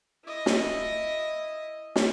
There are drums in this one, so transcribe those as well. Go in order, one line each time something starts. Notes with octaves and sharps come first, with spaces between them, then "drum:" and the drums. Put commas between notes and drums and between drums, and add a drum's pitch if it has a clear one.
E4 D#5
drum: snare
drum: snare